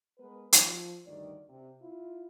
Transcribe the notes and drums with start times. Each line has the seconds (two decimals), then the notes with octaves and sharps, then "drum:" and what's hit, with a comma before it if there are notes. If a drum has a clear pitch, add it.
0.18 G#3 B3 A#4 B4
0.53 F3, drum: hi-hat
1.06 D2 G2 D#3 D5
1.49 C3
1.82 E4 F4